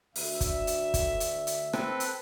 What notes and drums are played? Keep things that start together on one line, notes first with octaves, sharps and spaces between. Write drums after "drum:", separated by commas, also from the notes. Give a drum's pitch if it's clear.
D2 E5, drum: open hi-hat
drum: kick, hi-hat
drum: hi-hat
drum: kick, hi-hat
drum: hi-hat
drum: hi-hat
C4 A4 B4, drum: rim click
drum: hi-hat